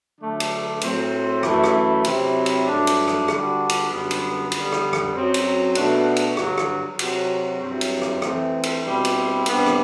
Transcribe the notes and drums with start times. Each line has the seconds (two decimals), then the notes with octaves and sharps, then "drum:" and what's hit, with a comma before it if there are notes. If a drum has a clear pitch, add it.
0.20 D3 F#3 A3 D4
0.40 drum: cymbal
0.81 A2 F#3 C4, drum: cymbal
1.43 F#2 E3 A3 E4, drum: rim click
1.64 drum: rim click
2.04 C3 F#3 C4 E4, drum: cymbal
2.46 drum: cymbal
2.67 G2 F#3 A3 D4
2.87 drum: cymbal
3.08 drum: rim click
3.28 D3 G3 D4 F#4, drum: rim click
3.69 drum: cymbal
3.90 F#2 D3 G3 B3
4.11 drum: cymbal
4.52 D3 G3 B3, drum: cymbal
4.72 drum: rim click
4.93 drum: rim click
5.14 F#2 F#3 C4
5.34 drum: cymbal
5.75 B2 A3 D4 F#4, drum: cymbal
6.16 drum: cymbal
6.37 G2 D3 F#3, drum: rim click
6.58 drum: rim click
6.99 C3 F#3 C4 F#4, drum: cymbal
7.61 G2 F#3 C4 E4
7.81 drum: cymbal
8.02 drum: rim click
8.22 E3 A3 C4, drum: rim click
8.63 drum: cymbal
8.84 B2 G3 C4 E4
9.05 drum: cymbal
9.46 C3 G3 B3 D4, drum: cymbal
9.66 drum: rim click